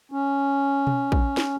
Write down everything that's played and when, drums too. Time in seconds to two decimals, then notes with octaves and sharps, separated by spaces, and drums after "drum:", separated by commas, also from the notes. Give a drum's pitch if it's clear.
0.12 C#4
0.87 drum: tom B2
1.12 drum: kick
1.37 drum: snare